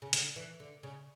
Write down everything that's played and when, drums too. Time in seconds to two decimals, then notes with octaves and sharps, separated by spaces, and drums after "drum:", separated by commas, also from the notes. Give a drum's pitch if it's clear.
0.02 C#3
0.13 D3, drum: hi-hat
0.36 E3
0.60 D3
0.83 C#3